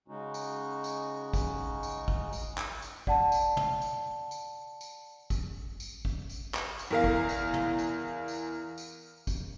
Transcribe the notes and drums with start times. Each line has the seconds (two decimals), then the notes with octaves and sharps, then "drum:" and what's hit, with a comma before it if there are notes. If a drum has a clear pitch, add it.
0.08 C#3 G#3 C#4 D#4 F#4
0.34 drum: tambourine
0.84 drum: tambourine
1.33 drum: kick, tambourine
1.83 drum: tambourine
2.08 drum: kick
2.33 drum: tambourine
2.57 drum: clap
2.82 drum: tambourine
3.07 D5 F#5 A5, drum: kick
3.32 drum: tambourine
3.57 drum: tom
3.82 drum: tambourine
4.31 drum: tambourine
4.81 drum: tambourine
5.30 drum: kick, tambourine
5.80 drum: tambourine
6.05 drum: kick
6.30 drum: tambourine
6.54 drum: clap
6.79 drum: tambourine
6.91 E2 A#4 F5
7.04 drum: kick
7.29 drum: tambourine
7.54 drum: tom
7.78 drum: tambourine
8.28 drum: tambourine
8.78 drum: tambourine
9.27 drum: kick, tambourine